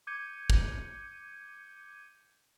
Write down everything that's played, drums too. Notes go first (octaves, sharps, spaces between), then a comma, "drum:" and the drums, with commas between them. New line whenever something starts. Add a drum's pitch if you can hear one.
D6 G6 G#6 C#7 D#7
drum: kick